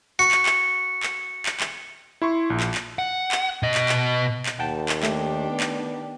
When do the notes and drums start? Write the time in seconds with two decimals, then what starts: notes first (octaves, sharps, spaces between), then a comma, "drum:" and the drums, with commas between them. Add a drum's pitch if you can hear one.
0.19 F#4 C#7
0.31 drum: clap
0.46 drum: clap
1.03 drum: clap
1.46 drum: clap
1.60 drum: clap
2.22 E4 C6 C#6
2.50 A#1
2.60 drum: clap
2.74 drum: clap
2.99 F#5
3.32 drum: clap
3.63 B2 D#5
3.74 drum: clap
3.89 drum: clap
4.46 drum: clap
4.59 D#2 F#5 G5 A5
4.89 drum: clap
5.03 D#3 A3 D4 G4, drum: clap
5.50 B3
5.60 drum: clap